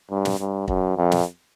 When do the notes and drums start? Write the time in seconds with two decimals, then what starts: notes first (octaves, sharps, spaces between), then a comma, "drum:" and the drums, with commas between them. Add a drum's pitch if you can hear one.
0.11 G2
0.25 drum: snare
0.40 G2
0.68 F#2, drum: kick
0.97 F2
1.12 drum: snare